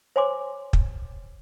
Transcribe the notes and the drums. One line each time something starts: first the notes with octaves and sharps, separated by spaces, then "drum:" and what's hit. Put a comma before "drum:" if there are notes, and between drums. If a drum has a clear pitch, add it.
C5 C#5 G#5 C6 D6
drum: kick